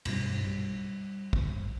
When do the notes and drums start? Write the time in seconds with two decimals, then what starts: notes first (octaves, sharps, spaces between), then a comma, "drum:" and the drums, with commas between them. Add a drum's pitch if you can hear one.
0.05 B1 G2 A#2 G3, drum: cymbal
0.45 G3
1.33 drum: kick